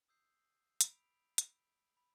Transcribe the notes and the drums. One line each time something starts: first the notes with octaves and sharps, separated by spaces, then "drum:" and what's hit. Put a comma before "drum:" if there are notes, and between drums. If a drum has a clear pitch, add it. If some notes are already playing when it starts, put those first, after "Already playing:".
D#6 E6 G6 C7
B5 B6 D7 F7, drum: hi-hat
drum: hi-hat
B5